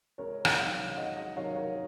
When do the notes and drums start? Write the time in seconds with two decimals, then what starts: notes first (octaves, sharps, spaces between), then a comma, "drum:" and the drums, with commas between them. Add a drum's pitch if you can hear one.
0.18 C#2 A#4 C#5
0.45 drum: rim click
0.58 C3 D#3 F#3 C#5 F5
0.97 C#2 D#5 F#5
1.16 D#5 F#5
1.36 C3 D#3 F#3 C#5 F5
1.56 A#4 C#5